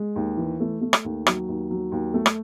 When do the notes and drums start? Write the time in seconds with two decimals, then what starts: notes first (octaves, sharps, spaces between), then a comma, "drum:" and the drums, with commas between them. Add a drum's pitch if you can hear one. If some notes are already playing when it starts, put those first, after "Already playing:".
Already playing: G#3
0.16 D#2
0.37 E3
0.60 A3
0.81 A3
0.93 drum: rim click
1.05 D#2
1.27 F#3, drum: rim click
1.48 D#2
1.71 F#3
1.92 D#2
2.14 A3
2.26 drum: rim click